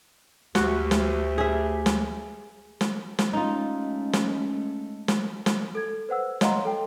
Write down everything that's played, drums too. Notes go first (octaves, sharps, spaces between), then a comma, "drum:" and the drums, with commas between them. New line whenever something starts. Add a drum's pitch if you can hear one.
D2 F#4 G4, drum: snare
drum: snare
G#4 E5
drum: snare
drum: snare
drum: snare
G#3 A3 C#4 D#4 F4
drum: snare
drum: snare
drum: snare
A4 G#6
B4 C5 F#5 E6
C#5 D#5 F5 F#5 A#5 C6, drum: snare
A4 G5